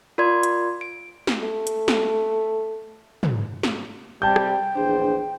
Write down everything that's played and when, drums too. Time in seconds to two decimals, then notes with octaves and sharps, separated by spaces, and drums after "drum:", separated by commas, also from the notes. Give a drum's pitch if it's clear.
0.18 F4 A#4 D5 C6 G#6
0.43 drum: hi-hat
0.81 D7
1.27 drum: snare
1.42 A3
1.67 drum: hi-hat
1.88 drum: snare
3.23 drum: tom
3.63 drum: snare
4.22 C3 G3 G5 A5 G6
4.36 drum: rim click
4.75 A#1 E2 D4 G#4 C5